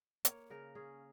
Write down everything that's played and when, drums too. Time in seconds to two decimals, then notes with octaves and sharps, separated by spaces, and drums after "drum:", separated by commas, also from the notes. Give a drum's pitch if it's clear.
0.25 A#3 C#5, drum: hi-hat
0.50 C#3 A#4
0.75 C#4 G#4